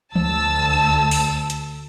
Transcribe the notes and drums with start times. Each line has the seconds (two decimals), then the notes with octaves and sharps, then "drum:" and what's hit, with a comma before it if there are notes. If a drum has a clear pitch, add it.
0.16 D2 A5 E6, drum: tom E3
1.11 drum: open hi-hat
1.50 drum: hi-hat